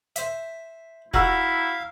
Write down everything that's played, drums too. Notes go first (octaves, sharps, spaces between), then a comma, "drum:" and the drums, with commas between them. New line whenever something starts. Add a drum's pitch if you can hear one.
C5 E5, drum: hi-hat
E4 F#4 F5 A#5 E6, drum: kick E1